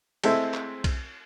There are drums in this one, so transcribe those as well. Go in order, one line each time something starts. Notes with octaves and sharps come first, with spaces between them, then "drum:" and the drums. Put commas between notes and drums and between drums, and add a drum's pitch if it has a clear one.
G#3 A3 C4 E4, drum: cymbal
drum: clap
drum: kick B1, cymbal